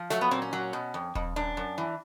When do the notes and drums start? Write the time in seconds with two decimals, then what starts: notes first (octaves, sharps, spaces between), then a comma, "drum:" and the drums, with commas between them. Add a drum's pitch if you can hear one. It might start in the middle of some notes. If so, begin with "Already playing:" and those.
Already playing: F3
0.10 F#3 A3, drum: snare
0.21 B3
0.31 A#2 C4
0.42 C#4
0.53 F#3
0.73 B2
0.94 F2
1.15 F2, drum: kick D#1
1.36 F#2 D4
1.57 F#2
1.78 E3